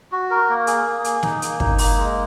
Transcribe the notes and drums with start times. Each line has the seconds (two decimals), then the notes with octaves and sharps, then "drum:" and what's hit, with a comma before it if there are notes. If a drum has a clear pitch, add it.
0.12 F#4
0.30 A#4
0.49 A#3
0.67 G#4, drum: hi-hat
0.87 A#3
1.04 G#4, drum: hi-hat
1.23 D#4, drum: snare
1.42 A#3, drum: hi-hat
1.60 D#4, drum: kick
1.78 A#3, drum: open hi-hat
1.97 G#3